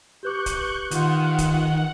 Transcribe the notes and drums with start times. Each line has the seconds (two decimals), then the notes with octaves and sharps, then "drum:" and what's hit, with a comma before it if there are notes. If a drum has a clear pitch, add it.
0.23 G4 B4 C#6 D6 F#6 G6
0.46 drum: kick, hi-hat
0.91 D#3 F4 F#5, drum: hi-hat
1.38 drum: kick, hi-hat